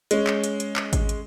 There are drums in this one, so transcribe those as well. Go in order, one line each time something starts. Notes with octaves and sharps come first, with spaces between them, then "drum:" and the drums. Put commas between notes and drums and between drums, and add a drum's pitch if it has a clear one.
G#3 C#4, drum: hi-hat
drum: clap
drum: hi-hat
drum: hi-hat
drum: clap
drum: kick G#1, hi-hat
drum: hi-hat